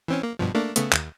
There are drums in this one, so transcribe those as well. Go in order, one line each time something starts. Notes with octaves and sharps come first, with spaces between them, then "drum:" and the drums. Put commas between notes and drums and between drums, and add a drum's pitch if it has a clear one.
E3 C4 C#4
A#3
G2 B2 F3
A3 A#3 D4
C#3 A3 B3, drum: hi-hat
D#2, drum: clap